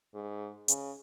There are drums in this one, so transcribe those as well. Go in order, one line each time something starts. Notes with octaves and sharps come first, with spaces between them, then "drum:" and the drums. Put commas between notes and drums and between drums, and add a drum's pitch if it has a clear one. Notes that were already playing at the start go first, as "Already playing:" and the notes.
G#2
C#3, drum: hi-hat